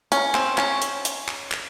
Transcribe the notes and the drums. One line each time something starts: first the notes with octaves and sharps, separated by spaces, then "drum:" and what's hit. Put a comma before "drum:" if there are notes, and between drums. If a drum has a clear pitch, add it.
C#4, drum: hi-hat
C4, drum: clap
C#4, drum: clap
drum: hi-hat
drum: hi-hat
drum: clap
drum: clap